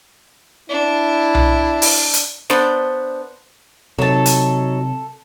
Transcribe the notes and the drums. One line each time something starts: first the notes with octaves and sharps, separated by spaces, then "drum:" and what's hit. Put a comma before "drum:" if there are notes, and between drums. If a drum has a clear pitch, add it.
D4 E4
drum: tom B1
drum: open hi-hat
drum: hi-hat
B3 D4 C5, drum: snare
C3 F#3 D#4 A4 A5
drum: hi-hat